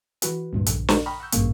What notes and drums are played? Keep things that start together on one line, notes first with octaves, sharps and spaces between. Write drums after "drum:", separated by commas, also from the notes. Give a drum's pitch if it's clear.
E3 F#4 B4, drum: hi-hat
D2 G2 A#2
A#1 D3, drum: hi-hat
drum: snare
G5 A#5 B5 C#6 D#6 F6
F#5 A#5 C#6 E6 G6
A1 G2 A#2 C#3 A#3 C#6, drum: hi-hat